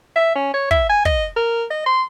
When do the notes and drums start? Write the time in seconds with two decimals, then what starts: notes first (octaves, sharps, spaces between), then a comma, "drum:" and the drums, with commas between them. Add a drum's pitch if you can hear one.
0.16 E5
0.35 C#4
0.54 C#5
0.71 E5, drum: kick
0.89 G#5
1.05 D#5, drum: kick
1.36 A#4
1.70 D#5
1.86 C6